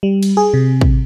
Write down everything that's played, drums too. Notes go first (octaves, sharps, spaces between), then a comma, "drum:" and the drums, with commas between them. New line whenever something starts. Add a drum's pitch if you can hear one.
G3
drum: cymbal
G#4
C3
drum: kick